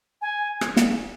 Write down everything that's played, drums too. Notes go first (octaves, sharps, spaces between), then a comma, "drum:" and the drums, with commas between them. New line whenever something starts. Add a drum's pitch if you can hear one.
G#5
drum: rim click
drum: snare